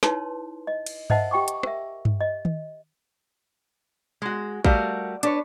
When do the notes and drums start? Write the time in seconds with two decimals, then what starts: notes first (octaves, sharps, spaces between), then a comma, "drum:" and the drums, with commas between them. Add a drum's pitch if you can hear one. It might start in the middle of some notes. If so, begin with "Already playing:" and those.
0.03 D#4 E4 B4 C#5 A5 C6, drum: snare
0.67 D#5
0.86 drum: cymbal
1.10 A#4 C5 D#5 E5 F#5 A5, drum: tom G2
1.31 G4 G5 C#6 D6
1.48 drum: hi-hat
1.63 A#4 E5, drum: rim click
2.05 drum: tom G2
2.21 D#5
2.45 drum: tom D#3
4.22 G#3 F#4
4.64 G3 A3 F#4 A#4 F5, drum: kick
5.23 D4 B4 C#5, drum: hi-hat